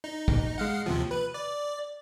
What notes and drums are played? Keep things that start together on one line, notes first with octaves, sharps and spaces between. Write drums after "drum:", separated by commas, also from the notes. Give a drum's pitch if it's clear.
D#4
drum: kick
G#3 F5 F#5
D#2 C3 F3
B4
D5